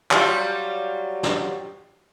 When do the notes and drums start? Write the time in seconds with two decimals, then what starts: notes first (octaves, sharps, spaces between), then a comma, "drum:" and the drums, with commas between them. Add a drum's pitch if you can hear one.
0.11 F#3 G3 F4, drum: clap
1.23 drum: snare